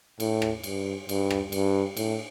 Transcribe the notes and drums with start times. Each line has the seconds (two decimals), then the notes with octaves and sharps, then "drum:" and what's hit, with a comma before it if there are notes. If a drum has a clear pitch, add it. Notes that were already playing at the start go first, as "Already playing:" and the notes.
0.20 A2, drum: cymbal
0.42 drum: rim click
0.63 G2, drum: cymbal
1.09 G2, drum: cymbal
1.31 drum: rim click
1.52 G2, drum: cymbal
1.97 A2, drum: cymbal